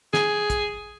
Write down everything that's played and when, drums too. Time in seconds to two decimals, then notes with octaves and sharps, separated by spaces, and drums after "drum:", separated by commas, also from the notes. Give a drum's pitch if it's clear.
0.14 G#4, drum: snare
0.50 drum: kick, hi-hat